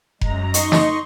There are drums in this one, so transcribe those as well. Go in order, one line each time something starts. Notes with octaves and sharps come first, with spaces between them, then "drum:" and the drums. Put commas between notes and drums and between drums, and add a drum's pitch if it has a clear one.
F#2 G#3 A#5, drum: kick F1
D#4 D#5 C6 C#6, drum: hi-hat
drum: snare